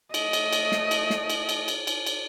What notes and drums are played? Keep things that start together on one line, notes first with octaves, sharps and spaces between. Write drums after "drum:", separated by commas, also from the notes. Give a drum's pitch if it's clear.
A3 D#5, drum: cymbal
drum: cymbal
drum: cymbal
drum: snare
drum: cymbal
drum: snare
drum: cymbal
drum: cymbal
drum: cymbal
drum: cymbal
drum: cymbal